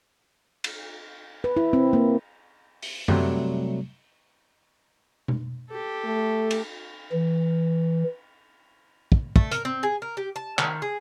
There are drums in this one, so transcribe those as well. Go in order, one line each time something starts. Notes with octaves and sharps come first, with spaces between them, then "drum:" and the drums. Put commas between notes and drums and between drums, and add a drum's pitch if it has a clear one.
drum: cymbal
B4
E4
C4
A#3
drum: open hi-hat
C3 F#3 G3 A3, drum: tom F#2
drum: tom B2
G4 A4
A3
drum: cymbal
E3
drum: kick
A3, drum: kick
A#4, drum: hi-hat
C4
G#4
A#4
G4
A5
D#3, drum: clap
G#4